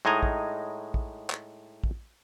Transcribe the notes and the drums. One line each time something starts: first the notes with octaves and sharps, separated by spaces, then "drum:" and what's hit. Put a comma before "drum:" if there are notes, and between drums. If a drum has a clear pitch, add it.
A2 G#3 D#4 D#5 G#5 A#5
drum: kick
drum: kick
drum: clap
drum: kick